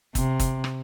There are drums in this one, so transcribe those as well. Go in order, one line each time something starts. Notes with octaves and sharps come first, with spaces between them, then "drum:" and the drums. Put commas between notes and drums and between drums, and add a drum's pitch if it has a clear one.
C3, drum: kick, hi-hat
drum: kick, hi-hat
drum: rim click